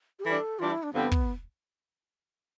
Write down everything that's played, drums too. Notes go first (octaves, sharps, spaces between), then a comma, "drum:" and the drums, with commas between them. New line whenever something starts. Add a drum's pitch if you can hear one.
G4
E3 G3 D4 A4
E3 G3 D4 F4
E4
D4
G2 D3 F3 B3 C4 G4
drum: kick